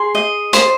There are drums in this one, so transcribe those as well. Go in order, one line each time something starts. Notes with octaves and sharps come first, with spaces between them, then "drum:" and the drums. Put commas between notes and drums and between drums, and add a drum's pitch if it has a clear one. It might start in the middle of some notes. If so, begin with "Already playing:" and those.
Already playing: G#4 C6
D#5
C5, drum: hi-hat